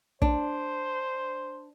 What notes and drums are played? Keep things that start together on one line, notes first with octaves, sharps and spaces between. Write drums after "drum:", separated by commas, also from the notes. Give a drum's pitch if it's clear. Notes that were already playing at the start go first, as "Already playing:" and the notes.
D4 C5, drum: kick